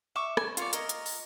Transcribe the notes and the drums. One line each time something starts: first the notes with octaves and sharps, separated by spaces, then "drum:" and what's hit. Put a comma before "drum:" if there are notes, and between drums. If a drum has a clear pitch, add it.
E5 C#6 D6
G#5, drum: rim click
F4 C#5 D5, drum: hi-hat
A#4 D#5, drum: hi-hat
drum: hi-hat
drum: open hi-hat